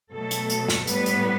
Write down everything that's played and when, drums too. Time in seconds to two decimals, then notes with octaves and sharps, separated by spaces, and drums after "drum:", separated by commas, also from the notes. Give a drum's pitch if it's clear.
0.12 B2 F#3 A3 A4
0.31 drum: hi-hat
0.50 drum: hi-hat
0.68 drum: snare
0.87 A2 G3 B3 B4, drum: hi-hat
1.06 drum: hi-hat